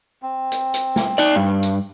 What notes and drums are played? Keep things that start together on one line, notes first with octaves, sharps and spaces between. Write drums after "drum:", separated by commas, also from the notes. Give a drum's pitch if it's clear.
C4
drum: hi-hat
drum: hi-hat
drum: snare
D#4 D5, drum: hi-hat
G2
drum: hi-hat